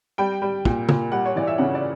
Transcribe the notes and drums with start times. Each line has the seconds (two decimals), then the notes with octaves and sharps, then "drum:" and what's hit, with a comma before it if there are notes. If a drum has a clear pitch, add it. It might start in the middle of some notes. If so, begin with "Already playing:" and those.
0.18 G3 G5
0.42 G3
0.65 A#2, drum: kick
0.89 A#2, drum: tom
1.12 G3 F#5
1.26 C#5
1.36 E3 D5
1.47 E5
1.58 C#3 F#5
1.75 D5